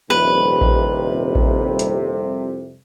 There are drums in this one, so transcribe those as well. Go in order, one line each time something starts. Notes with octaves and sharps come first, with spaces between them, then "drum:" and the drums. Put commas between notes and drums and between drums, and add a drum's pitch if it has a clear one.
D#1 C2 F2 C3 B4
drum: kick A1
drum: kick A1
drum: hi-hat